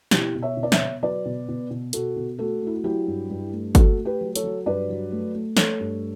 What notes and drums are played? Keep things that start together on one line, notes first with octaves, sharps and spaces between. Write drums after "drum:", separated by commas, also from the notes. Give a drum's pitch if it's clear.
B2 E4 G4, drum: snare
B2
C#5 E5
B2
D5
C#5 E5, drum: snare
B2
F#3 B4 D5
B2
B2
B2
B2 F#4 A4, drum: hi-hat
B2
A3 F#4 A4
A3
E4
F#4
F#3 E4 G4
G2
G2
A3
A3 F#4 A4, drum: kick G1, hi-hat
A3
G4 B4
F#3
A4 C#5, drum: hi-hat
F#3
G2 B4 D5
F#3
A3
A3
A3 A4 C#5, drum: snare
G2